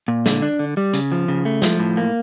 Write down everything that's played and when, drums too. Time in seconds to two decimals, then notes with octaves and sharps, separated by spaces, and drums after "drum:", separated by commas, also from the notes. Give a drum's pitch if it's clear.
0.08 A#2
0.26 D3, drum: snare
0.42 D4
0.59 D3
0.77 G3
0.93 C#3, drum: hi-hat
1.12 F3
1.28 C#3
1.45 A3
1.62 F3, drum: snare
1.79 A2
1.97 A#3